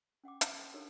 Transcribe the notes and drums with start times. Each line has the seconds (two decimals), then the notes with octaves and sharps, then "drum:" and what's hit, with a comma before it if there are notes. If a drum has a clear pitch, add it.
0.24 C#4 F#5 G5 D6
0.41 F#5, drum: hi-hat
0.58 A4 G5 C6
0.73 D4 D#4 G4 A4 A#4 C#5